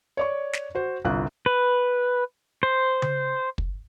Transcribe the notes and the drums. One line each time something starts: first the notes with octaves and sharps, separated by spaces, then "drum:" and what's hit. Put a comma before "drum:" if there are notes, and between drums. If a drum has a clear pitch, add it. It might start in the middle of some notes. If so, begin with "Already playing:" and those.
C#5 D5 C#6
drum: snare
F#4 C5
G1 C2 F4 F#6
B4
C5
drum: tom C#3
drum: kick